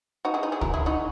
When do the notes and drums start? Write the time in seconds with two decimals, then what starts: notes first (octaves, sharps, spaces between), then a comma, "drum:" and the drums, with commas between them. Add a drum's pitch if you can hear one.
0.25 D#4 F#4
0.34 E4 G#4
0.43 D#4 F#4
0.52 E4 G#4
0.61 F#4 A#4, drum: kick
0.74 E4 G#4
0.86 D#4 F#4